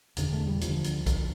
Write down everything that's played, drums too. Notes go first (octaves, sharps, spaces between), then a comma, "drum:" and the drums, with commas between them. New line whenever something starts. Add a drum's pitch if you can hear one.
E1 E2 D3, drum: hi-hat
A3
G3
D2 D3 F3, drum: hi-hat
drum: hi-hat
D2 D3, drum: kick B1, hi-hat